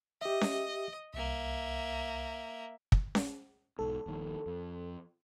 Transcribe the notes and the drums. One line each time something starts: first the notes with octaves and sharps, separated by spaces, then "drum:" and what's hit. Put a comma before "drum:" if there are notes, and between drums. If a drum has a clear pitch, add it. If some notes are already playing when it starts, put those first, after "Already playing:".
G4 D#5 E5
drum: snare C#4
C2 A#3 E5
drum: kick
drum: snare C#4
B1 G#2 A4
D#1 A#1 D#3
F2